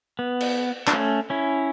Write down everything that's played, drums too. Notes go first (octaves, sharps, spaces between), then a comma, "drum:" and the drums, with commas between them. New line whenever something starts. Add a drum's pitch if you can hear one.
B3
drum: cymbal
D4, drum: clap
A3 C#4
C#4 E4